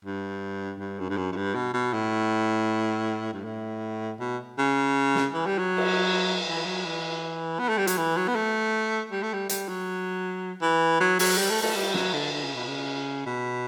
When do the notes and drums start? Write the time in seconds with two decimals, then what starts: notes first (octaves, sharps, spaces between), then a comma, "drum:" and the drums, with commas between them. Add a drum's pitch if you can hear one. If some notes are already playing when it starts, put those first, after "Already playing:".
0.05 G2
0.79 G2
0.99 F#2
1.10 G2
1.17 F#2
1.32 F#2
1.36 G2
1.55 B2
1.74 B2
1.93 A2
3.33 G2
3.45 A2
4.20 B2
4.58 C#3
5.15 drum: snare
5.34 E3
5.46 G3
5.58 F#3
5.77 drum: cymbal
6.47 E3
6.65 F#3
6.85 E3
7.59 B3
7.69 A3
7.78 G3
7.87 F#3, drum: hi-hat
7.97 E3
8.17 F#3
8.28 B3
8.35 A3
9.12 G3
9.23 A3
9.33 G3
9.49 G3, drum: hi-hat
9.68 F#3
10.62 E3
11.00 F#3
11.19 F#3, drum: open hi-hat
11.38 G3
11.50 A3
11.62 A3, drum: cymbal
11.76 G3
11.94 F#3, drum: snare
12.13 D3
12.32 D3
12.43 C#3
12.55 B2
12.67 C#3
13.26 B2